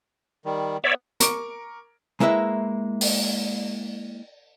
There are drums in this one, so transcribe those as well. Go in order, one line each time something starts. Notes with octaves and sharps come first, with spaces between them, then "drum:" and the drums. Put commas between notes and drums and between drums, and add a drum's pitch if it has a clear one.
D#3 G3
B3 C#5 D5 E5
A#4 C#6 D6 D7, drum: hi-hat
G#3 A#3 E4 B4 E5
drum: open hi-hat